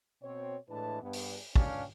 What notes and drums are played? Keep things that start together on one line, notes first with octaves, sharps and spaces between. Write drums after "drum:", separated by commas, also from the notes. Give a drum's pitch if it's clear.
B2 C4 C#5
A2 E3 G#3 D4 B4 A5
G2 B3
drum: open hi-hat
C#2 C#4 D4 F5 G5, drum: kick